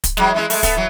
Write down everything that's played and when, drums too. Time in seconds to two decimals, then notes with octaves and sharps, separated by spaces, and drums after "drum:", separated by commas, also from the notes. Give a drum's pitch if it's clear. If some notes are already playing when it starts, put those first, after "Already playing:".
0.04 drum: kick, hi-hat
0.17 E3 F#3 G#3, drum: snare
0.34 E3 G#3 E4
0.50 G#3 A3, drum: open hi-hat
0.63 B3 A4, drum: kick, hi-hat
0.76 E3 F#3